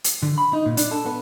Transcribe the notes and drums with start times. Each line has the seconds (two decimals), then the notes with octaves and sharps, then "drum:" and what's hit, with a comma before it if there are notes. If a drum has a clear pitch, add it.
0.04 drum: hi-hat
0.23 D3
0.38 B5
0.53 D#4
0.66 A#2
0.77 D4, drum: hi-hat
0.91 A4
1.06 B3